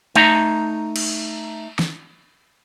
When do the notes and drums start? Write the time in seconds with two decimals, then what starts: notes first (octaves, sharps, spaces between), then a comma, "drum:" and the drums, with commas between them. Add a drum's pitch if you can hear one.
0.15 A3 D#4 A#5, drum: cymbal
0.96 drum: cymbal
1.79 drum: snare